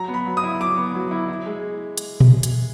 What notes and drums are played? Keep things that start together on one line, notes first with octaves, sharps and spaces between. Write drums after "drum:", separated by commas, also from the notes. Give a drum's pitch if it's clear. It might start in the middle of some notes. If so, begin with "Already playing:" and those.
Already playing: F#3 A#5
B3
B5
F#3
D#6
E4
F#3 D6
B3
F#3
E4
E4
G#3
drum: hi-hat
drum: tom A#2
drum: hi-hat